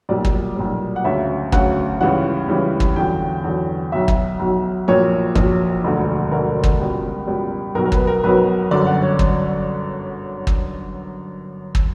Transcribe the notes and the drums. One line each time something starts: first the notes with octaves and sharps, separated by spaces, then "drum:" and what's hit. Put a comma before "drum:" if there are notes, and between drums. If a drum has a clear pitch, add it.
B1 A#2 G3 D5
drum: kick
B1 A#2 G3
F#5
D2 C#3 F#3 E5
D2 C#3 F#3 F#5, drum: kick
C#2 C#3 E3 G3 F#5
C#2 C#3 E3 G3
drum: kick
E2 D3 F#3 G5
E2 D3 F#3
B1 B2 F#3 E5
drum: kick
B1 B2 F#3
A#1 A#2 F#3 C#5
A#1 A#2 F#3, drum: kick
E1 D2 D3
E1 D2 D3 A#4
drum: kick
C#2 B2 G3
C#2 B2 G3
B1 B2 F#3 A#4
A#4
B4, drum: kick
A#4
B1 B2 F#3 B4
G1 F#2 D3 F#3 D5
F#5
C#5
drum: kick
drum: kick
drum: kick